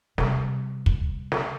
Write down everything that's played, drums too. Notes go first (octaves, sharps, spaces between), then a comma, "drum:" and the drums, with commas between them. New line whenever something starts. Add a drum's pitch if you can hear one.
C3 G3, drum: snare
drum: kick
drum: snare